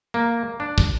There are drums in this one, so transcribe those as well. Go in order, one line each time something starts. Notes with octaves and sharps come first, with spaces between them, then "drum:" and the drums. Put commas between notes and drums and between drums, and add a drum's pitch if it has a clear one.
A#3
D4
drum: kick